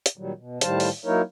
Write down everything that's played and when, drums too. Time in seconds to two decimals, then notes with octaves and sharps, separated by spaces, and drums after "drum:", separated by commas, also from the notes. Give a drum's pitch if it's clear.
0.06 drum: hi-hat
0.17 A#2 D#3 F#3 G3
0.36 B2
0.61 A2 D#3 G3 C5 F5 A5, drum: hi-hat
0.80 drum: open hi-hat
1.05 F#3 A#3 D#4 E4 A#4 C#5